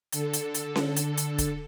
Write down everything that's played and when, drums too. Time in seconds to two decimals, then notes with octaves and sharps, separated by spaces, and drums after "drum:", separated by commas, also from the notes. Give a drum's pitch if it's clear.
0.12 D3 A4, drum: hi-hat
0.33 drum: hi-hat
0.55 drum: hi-hat
0.76 drum: snare C#4
0.97 drum: hi-hat
1.18 drum: hi-hat
1.39 drum: kick, hi-hat